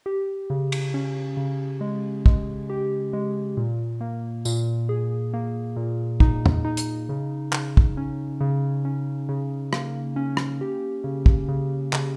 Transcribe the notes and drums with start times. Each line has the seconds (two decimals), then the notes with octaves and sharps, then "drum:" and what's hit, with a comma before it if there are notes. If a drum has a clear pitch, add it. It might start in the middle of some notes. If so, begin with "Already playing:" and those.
0.06 G4
0.50 C#3
0.72 drum: cymbal
0.94 C#4
1.37 C#3
1.81 G#3
2.26 G#3, drum: kick
2.70 G4
3.13 G#3
3.57 A#2
4.01 A#3
4.45 A#2, drum: tambourine
4.89 G#4
5.34 A#3
5.76 A#2
6.20 D#4, drum: kick
6.46 drum: tom
6.65 D#4
6.77 drum: hi-hat
7.09 C#3
7.53 C#3, drum: clap
7.77 drum: kick
7.97 C#4
8.41 C#3
8.85 C#4
9.29 C#3
9.73 A#3, drum: rim click
10.16 C#4
10.37 drum: rim click
10.61 G4
11.04 C#3
11.26 drum: kick
11.48 C#3
11.93 C#3, drum: clap